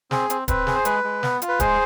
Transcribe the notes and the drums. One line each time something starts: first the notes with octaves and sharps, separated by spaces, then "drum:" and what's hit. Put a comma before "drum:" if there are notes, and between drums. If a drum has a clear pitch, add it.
C4 G#4, drum: snare
C4, drum: hi-hat
C4 B4, drum: kick D1, hi-hat
G#4, drum: snare
C5
G#3 B4, drum: hi-hat
G#3
B3, drum: snare
F4, drum: hi-hat
B4
G#3 G#4 C5, drum: kick D1, hi-hat